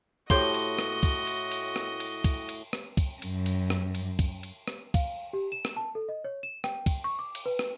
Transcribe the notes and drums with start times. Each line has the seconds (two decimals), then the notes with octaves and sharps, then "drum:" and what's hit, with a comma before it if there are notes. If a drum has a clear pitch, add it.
0.30 A2 F#4 G4 C5 C#5 D#5 C6 G7, drum: kick, cymbal
0.54 drum: cymbal
0.79 drum: rim click
1.03 drum: kick, cymbal
1.27 drum: cymbal
1.52 drum: cymbal
1.76 drum: rim click
2.00 drum: cymbal
2.24 drum: kick, cymbal
2.49 drum: cymbal
2.73 drum: rim click
2.97 drum: kick, cymbal
3.22 F#2, drum: cymbal
3.46 drum: cymbal
3.70 drum: rim click
3.95 drum: cymbal
4.19 drum: kick, cymbal
4.43 drum: cymbal
4.68 drum: rim click
4.94 F5, drum: kick, cymbal
5.33 G4
5.52 E7
5.65 drum: rim click
5.76 A5
5.95 A4
6.09 D#5
6.24 C#5
6.43 E7
6.64 G5, drum: rim click
6.86 drum: kick, cymbal
7.04 C#6
7.19 D6
7.35 drum: cymbal
7.46 B4
7.59 drum: rim click